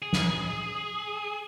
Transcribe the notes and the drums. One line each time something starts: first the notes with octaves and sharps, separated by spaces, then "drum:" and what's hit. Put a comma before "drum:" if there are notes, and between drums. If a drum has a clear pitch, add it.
G#4
drum: snare